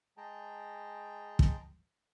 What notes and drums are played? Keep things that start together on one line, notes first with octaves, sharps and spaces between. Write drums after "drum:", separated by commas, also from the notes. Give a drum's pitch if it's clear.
G#3 G#4 G5 A5 A#5
drum: kick